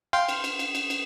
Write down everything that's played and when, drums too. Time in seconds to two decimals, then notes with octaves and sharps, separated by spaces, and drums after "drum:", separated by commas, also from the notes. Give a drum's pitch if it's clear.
0.13 F5 G5 C6
0.29 drum: cymbal
0.44 drum: cymbal
0.59 drum: cymbal
0.75 drum: cymbal
0.90 drum: cymbal